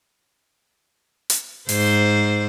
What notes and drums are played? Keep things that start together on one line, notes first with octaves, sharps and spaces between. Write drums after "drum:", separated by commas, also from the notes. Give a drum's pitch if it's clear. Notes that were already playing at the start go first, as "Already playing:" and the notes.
drum: hi-hat
G#2 C5, drum: open hi-hat